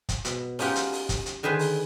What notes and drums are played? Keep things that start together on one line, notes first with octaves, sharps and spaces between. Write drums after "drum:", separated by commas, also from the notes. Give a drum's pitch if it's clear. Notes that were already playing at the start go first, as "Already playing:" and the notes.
drum: kick, hi-hat
B2, drum: hi-hat
C#4 D#4 F4 G4 F#5, drum: open hi-hat
drum: hi-hat
drum: open hi-hat
drum: kick, hi-hat
drum: hi-hat
D3 D#3 G#4 B4 C6
drum: open hi-hat